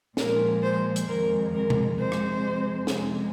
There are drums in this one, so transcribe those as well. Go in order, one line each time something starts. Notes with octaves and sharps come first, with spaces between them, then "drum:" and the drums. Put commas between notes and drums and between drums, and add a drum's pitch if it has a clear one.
A#2 F3 G#3 A#4, drum: snare
C5
drum: hi-hat
F2 D#3 G#3 A#4
A#4
drum: tom B2
F2 C3 G#3 C5
drum: rim click
F2 C3 G#3, drum: snare